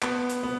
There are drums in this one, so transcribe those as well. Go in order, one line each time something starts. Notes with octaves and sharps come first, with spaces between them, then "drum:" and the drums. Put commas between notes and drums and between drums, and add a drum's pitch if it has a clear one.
B3, drum: clap
drum: hi-hat
B3